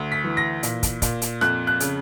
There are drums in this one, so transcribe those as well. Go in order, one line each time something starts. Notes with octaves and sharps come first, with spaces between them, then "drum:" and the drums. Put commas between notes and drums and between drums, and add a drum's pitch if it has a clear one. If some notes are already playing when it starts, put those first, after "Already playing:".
Already playing: D2
B6
E3
A#6
A#2, drum: hi-hat
drum: kick, hi-hat
A#2, drum: kick, hi-hat
drum: hi-hat
F2 F#6, drum: rim click
F#6
C#3, drum: hi-hat